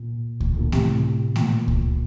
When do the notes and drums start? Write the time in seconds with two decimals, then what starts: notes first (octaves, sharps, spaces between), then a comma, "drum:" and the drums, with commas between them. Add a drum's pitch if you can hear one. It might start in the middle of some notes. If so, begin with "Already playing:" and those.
Already playing: A#2
0.40 A2, drum: kick C#2
0.57 A#2 D3
0.72 A2 C3, drum: snare A3
1.36 A#2, drum: snare A3
1.68 drum: kick C#2